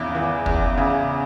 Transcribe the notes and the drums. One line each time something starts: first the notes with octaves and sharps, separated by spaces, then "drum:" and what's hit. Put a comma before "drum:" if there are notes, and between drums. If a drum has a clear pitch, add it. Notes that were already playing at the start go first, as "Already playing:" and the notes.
Already playing: E2 C#3 E4
E3
E2, drum: kick
C#3